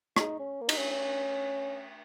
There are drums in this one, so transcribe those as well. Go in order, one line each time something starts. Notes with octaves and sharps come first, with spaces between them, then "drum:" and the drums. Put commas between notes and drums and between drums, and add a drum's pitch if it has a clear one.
D#4, drum: rim click
C#4
A#3
D#4, drum: cymbal
C#4
C#4